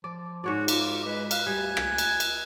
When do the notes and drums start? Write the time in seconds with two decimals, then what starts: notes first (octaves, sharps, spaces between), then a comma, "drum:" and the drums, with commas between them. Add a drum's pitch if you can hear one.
0.04 F3 D5
0.44 G#2 F#4 C#5 D5
0.68 F4 D6, drum: cymbal
1.05 G#3 B4
1.31 F5 F#6, drum: cymbal
1.47 D2 G3 G#5
1.77 drum: rim click
1.98 drum: cymbal
2.20 drum: cymbal